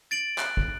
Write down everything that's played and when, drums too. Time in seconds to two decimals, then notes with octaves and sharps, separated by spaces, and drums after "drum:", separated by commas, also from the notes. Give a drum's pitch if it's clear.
0.11 A6 D7 F#7
0.38 F#6, drum: clap
0.57 drum: kick